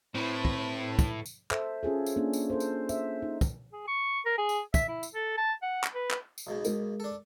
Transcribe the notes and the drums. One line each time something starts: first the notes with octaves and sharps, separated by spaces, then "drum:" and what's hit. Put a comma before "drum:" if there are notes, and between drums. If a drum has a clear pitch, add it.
A2 C4 E4 B4
drum: kick
drum: kick, tambourine
drum: tambourine
A4 C5 E5, drum: clap
C#4 F4 G#4 A4
drum: tambourine
A#3 C#4 D4
drum: tambourine
A4 C5
drum: tambourine
C5 E5, drum: tambourine
D#4
drum: kick, tambourine
G#4
C#6
A#4
G#4
drum: tambourine
E5, drum: kick, tambourine
E4
drum: tambourine
A4
A5
F#5
drum: clap
B4
drum: clap
drum: tambourine
B1 G#2 B2
G#3 A#4, drum: tambourine
D4 A4